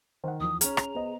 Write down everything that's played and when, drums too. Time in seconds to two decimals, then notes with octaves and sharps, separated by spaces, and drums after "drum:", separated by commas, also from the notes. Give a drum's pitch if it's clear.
0.24 D#3 C5 F#5
0.40 D#2 E3 F3 D#6
0.61 C#4 G#4 A#5 F6, drum: hi-hat
0.77 C#4 F7, drum: rim click
0.95 B3 C5 D#5